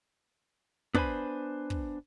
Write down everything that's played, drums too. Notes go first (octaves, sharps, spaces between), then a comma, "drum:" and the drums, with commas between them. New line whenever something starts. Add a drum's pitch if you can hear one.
B3 D4 B4 C5 G#5 B5, drum: kick
drum: kick